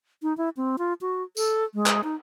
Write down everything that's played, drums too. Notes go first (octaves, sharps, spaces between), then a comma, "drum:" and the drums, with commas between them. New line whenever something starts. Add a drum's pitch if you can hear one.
D#4
E4
C4
F4
F#4
A4, drum: tambourine
G#3
drum: clap
D#4